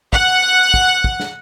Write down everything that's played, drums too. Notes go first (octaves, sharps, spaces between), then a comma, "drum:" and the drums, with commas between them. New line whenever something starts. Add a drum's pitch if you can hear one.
F#5, drum: kick
drum: kick
drum: kick
drum: snare